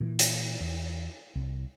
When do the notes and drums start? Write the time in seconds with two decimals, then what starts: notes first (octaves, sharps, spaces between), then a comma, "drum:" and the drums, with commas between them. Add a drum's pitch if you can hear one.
0.01 A#2 E3
0.19 drum: hi-hat
0.60 E2
1.36 C2